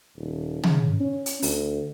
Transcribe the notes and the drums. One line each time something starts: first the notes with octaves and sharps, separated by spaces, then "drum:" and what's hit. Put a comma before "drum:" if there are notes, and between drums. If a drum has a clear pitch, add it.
D#1
C#3, drum: tom
C#4
drum: hi-hat
D2, drum: open hi-hat